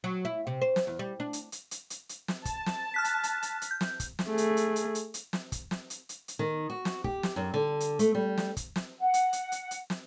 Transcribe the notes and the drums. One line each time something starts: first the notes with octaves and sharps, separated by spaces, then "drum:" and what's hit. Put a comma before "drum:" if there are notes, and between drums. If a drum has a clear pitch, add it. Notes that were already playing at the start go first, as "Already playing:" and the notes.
F#3
E4
C3
C5
drum: snare
E2
G3
D4
drum: hi-hat
drum: hi-hat
drum: hi-hat
drum: hi-hat
drum: hi-hat
drum: snare
A5, drum: kick, hi-hat
drum: snare
F6 F#6 B6
drum: hi-hat
drum: hi-hat
drum: hi-hat
drum: hi-hat
G6
drum: snare
drum: kick, hi-hat
drum: snare
A3 G#4
drum: hi-hat
drum: hi-hat
drum: hi-hat
drum: hi-hat
drum: hi-hat
drum: snare
drum: kick, hi-hat
drum: snare
drum: hi-hat
drum: hi-hat
drum: hi-hat
D#3
F#4
drum: snare
G4, drum: kick
drum: snare
F#2
D3
drum: hi-hat
A3, drum: hi-hat
G3
drum: snare
drum: kick, hi-hat
drum: snare
F#5
drum: hi-hat
drum: hi-hat
drum: hi-hat
drum: hi-hat
drum: snare